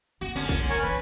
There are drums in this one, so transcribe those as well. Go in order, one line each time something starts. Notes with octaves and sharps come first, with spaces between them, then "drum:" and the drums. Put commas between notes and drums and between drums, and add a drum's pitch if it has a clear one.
F1 A#3 F#4
D3 C#4
drum: kick, tambourine
A#4 C#5 G#5
E3 B4